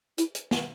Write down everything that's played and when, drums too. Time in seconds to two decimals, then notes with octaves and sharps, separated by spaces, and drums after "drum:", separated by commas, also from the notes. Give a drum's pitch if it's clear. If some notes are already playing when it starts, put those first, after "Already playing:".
0.18 E4, drum: hi-hat
0.35 drum: hi-hat
0.51 drum: snare